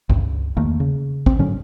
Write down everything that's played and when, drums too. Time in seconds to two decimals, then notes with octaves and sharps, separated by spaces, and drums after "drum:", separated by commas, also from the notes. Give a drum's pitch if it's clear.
0.10 C#2 G2, drum: kick
0.57 E2 D#3 A3 A#3
0.80 C#3
1.26 C4, drum: kick
1.39 G#2 D3 F#3 C#4